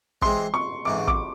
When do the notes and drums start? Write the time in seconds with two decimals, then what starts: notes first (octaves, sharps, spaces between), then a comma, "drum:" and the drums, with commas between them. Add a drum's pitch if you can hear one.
0.22 E3 G#3 C4 C6, drum: kick
0.54 C#6
0.85 A1 G#2 E3 D6
1.08 D6, drum: kick